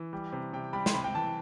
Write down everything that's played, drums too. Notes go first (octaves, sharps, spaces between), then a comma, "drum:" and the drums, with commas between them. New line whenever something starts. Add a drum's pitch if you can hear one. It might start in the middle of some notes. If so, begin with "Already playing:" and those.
Already playing: E3
G3
C3
C3 G5
G3 B5
C6, drum: snare
C3 B5
G5
E3 A5